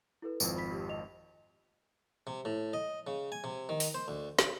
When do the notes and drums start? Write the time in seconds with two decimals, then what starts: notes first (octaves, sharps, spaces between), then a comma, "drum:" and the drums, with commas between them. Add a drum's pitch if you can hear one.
0.22 E4 A4 B4
0.40 G#1 F2 F3, drum: tambourine
0.56 B5 B6
0.71 G4
0.89 D#5 F7
2.27 C3
2.45 A2
2.73 D#5
3.07 C#3
3.32 G#5
3.44 C3
3.69 D#3
3.80 drum: open hi-hat
3.94 C5
4.08 D2
4.39 B5, drum: snare